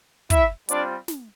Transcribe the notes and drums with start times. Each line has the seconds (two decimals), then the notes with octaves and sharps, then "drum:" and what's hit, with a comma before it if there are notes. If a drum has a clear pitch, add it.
0.30 E4 E5, drum: kick, hi-hat
0.69 G3 C4 D4 F4 D5, drum: hi-hat
1.08 drum: snare